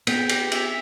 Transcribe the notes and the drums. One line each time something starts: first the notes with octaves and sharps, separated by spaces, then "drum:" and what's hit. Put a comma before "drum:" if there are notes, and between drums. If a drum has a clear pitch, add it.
B3 G5, drum: cymbal
G4, drum: cymbal
E5, drum: cymbal